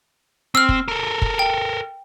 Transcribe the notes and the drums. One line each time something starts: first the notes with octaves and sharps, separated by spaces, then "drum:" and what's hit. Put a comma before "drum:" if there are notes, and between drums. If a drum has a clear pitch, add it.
C4 E6 F6
drum: kick
A4 A#4
drum: kick
G5